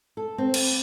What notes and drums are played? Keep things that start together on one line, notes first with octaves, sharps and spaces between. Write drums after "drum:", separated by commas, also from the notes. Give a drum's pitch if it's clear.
A4
C4
drum: cymbal